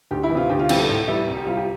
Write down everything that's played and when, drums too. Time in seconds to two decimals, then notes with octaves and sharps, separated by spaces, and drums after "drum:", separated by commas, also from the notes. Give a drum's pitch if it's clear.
0.11 D2 G4
0.23 E4
0.30 E3
0.35 C3 F4
0.49 D2 G4
0.59 F4
0.69 C3 E3 G3 G4, drum: cymbal
0.79 A4
0.89 A2
1.08 E3 G3 E5
1.27 C2
1.37 G4
1.46 C3 G3 F4
1.57 G4